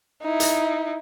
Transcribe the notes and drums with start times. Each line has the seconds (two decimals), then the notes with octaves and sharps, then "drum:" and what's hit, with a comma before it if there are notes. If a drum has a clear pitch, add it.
0.22 D#4 E4
0.40 drum: hi-hat